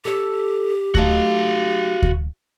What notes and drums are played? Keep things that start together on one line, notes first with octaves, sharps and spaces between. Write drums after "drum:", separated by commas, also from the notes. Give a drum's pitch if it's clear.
G4 A4 C#5
F#3 A3 D#4 F#4 F5, drum: kick D2
drum: kick D2